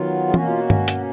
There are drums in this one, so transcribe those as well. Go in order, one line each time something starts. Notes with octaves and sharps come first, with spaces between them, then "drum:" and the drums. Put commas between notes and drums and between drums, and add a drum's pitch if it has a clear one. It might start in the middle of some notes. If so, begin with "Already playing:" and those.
Already playing: D#3 F#3 B3 F4
G#4
B2 A#3 C#4 F#4, drum: tom E3
F4
F#4
drum: tom G2
drum: hi-hat